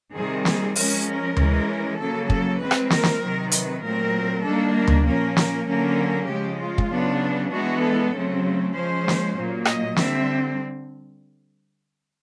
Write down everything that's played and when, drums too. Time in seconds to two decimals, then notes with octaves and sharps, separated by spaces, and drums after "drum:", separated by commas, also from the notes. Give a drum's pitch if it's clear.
0.14 C3 D#3 G3 C4 G#4
0.45 G#4, drum: snare
0.75 F3 G#3 C#4 A#4, drum: open hi-hat
1.06 A#4
1.37 E3 G#3 C#4, drum: tom D2
1.98 C#3 F#3 A#3 A4
2.30 A4, drum: kick
2.59 E3 G#3 C4 B4
2.71 drum: rim click
2.90 A#4, drum: snare
3.03 drum: snare
3.21 C3 D#3 F#3
3.52 B4, drum: hi-hat
3.82 A#2 F#3 A3 C4 A#4
4.44 D#3 G3 A#3 D4 A4
4.74 A#4
4.87 drum: tom D2
5.05 A#2 F3 A#3 C#4 A#4
5.37 A#4, drum: snare
5.66 D3 F#3 A#3 C#4 A#4
6.27 C#3 F3 G#3 G4
6.59 F4
6.78 drum: kick
6.89 C#3 F#3 B3 D4
7.51 E3 G#3 B3 D4 F#4
7.81 A4
8.12 C#3 F#3 A3 C4
8.73 F3 G#3 C#4 C5
9.08 drum: snare
9.35 A#2 F#3 A#3
9.65 D#5, drum: rim click
9.96 D3 G3 C4 E5, drum: snare